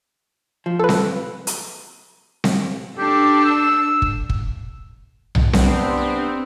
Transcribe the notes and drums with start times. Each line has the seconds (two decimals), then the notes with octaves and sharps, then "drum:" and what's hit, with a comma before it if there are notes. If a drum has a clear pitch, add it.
0.66 F3
0.79 A4 B4
0.89 drum: snare C4
1.47 drum: hi-hat
2.44 drum: snare C4
2.98 D4 G4 A4
3.45 E6
4.02 drum: kick
4.29 drum: kick
5.35 drum: tom B1
5.53 C3 B3 C4 D4, drum: snare C4
5.98 C4